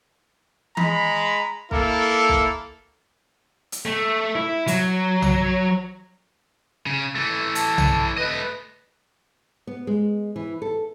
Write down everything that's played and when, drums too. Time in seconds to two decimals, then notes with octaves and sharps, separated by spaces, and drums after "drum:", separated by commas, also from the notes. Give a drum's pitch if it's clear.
0.77 G#3 A#5 B5, drum: tom E3
1.71 A#3 E4 A4, drum: kick
2.29 drum: kick
3.72 drum: hi-hat
3.85 A3
4.35 E4
4.68 F#3, drum: hi-hat
5.22 drum: tom B1
6.86 C#3
7.15 E3 A3
7.55 A5, drum: hi-hat
7.78 drum: tom B1
8.17 A3 B4 D#5
9.67 B3
9.87 G#3
10.36 E3
10.62 A4